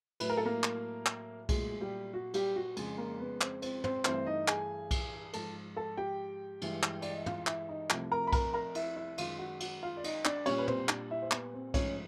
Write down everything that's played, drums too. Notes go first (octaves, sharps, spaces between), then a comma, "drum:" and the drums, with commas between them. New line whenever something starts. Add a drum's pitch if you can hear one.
A2 F#3 A3 B4, drum: cymbal
A#4
A4
A#3 A#4
drum: clap
drum: clap
A#2 F#3 G#3 A3 G#4, drum: kick B1, cymbal
G3 G4
F#4
G3 G4, drum: cymbal
F#4
F2 C#3 F3 G#3 G#4, drum: cymbal
A#3 A#4
B3 B4
C4 C5, drum: clap
C4 C5, drum: cymbal
C4 C5, drum: tom
G2 E3 A3 C4 C5, drum: clap
D#4 D#5
G#4 G#5, drum: clap
drum: kick B1, cymbal
G#2 F3 G#3 A4 A5, drum: cymbal
A4 A5
G4 G5
G2 E3 G#3, drum: cymbal
drum: clap
D5, drum: cymbal
D#5
E5
F4 F5, drum: tom
E4 E5, drum: clap
D#4 D#5
C2 C3 F3 A3, drum: clap
A#4 A#5
B5
A#4 A#5, drum: kick B1, cymbal
A#4 A#5
E4 E5, drum: cymbal
E4 E5
F#2 D#3 G#3 F4 F5, drum: cymbal
F#4 F#5
F#4 F#5, drum: cymbal
F4 F5
D5
D#4 D#5, drum: cymbal
D4 D5, drum: clap
A#2 G3 C#4 C#5, drum: cymbal
B4
C4 C5, drum: tom
D4 D5, drum: clap
E4 E5
C5
B3 B4, drum: clap
C4 C5
G#2 F3 A3 C#4 C#5, drum: kick B1, cymbal